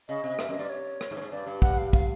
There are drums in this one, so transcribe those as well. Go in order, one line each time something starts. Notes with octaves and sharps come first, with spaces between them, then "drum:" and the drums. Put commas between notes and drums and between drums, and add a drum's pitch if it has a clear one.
C#3 D#5
C3
G2 E5, drum: rim click
F#2 D#5
G2 D5
C#5
drum: rim click
G#2
G2
G#2
G2 D5
G2
F#5, drum: kick
F5
F5, drum: kick